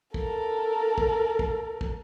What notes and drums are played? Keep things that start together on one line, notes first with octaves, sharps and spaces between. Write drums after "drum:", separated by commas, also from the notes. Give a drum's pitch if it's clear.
A4 A#4, drum: kick
drum: kick
drum: kick
drum: kick